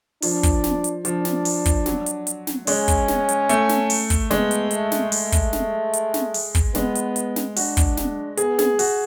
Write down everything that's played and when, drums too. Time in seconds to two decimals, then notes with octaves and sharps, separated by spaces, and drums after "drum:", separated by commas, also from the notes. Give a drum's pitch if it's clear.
0.22 F3 D4, drum: open hi-hat
0.43 drum: kick, hi-hat
0.64 drum: snare
0.84 drum: hi-hat
1.05 F3 D4, drum: hi-hat
1.25 drum: snare
1.45 drum: open hi-hat
1.66 drum: kick, hi-hat
1.86 F#3, drum: snare
2.06 drum: hi-hat
2.27 drum: hi-hat
2.47 drum: snare
2.67 G#3 C#4, drum: open hi-hat
2.88 drum: kick, hi-hat
3.08 drum: snare
3.29 drum: hi-hat
3.49 A3, drum: hi-hat
3.69 drum: snare
3.90 drum: open hi-hat
4.10 drum: kick, hi-hat
4.31 G#3 B3, drum: snare
4.51 drum: hi-hat
4.71 A3, drum: hi-hat
4.92 drum: snare
5.12 A3, drum: open hi-hat
5.32 drum: kick, hi-hat
5.53 drum: snare
5.93 drum: hi-hat
6.14 drum: snare
6.34 drum: open hi-hat
6.55 drum: kick, hi-hat
6.75 G#3 B3, drum: snare
6.95 drum: hi-hat
7.16 drum: hi-hat
7.36 drum: snare
7.56 D4 F#4, drum: open hi-hat
7.77 drum: kick, hi-hat
7.97 drum: snare
8.37 B3 G#4, drum: hi-hat
8.59 G#4, drum: snare
8.79 F#4, drum: open hi-hat